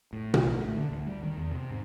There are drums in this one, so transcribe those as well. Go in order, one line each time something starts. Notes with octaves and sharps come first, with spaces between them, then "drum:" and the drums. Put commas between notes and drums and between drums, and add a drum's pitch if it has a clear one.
A2
B1, drum: tom A#2
A3
D3
D2
G3
D#3
E2
C3
G#2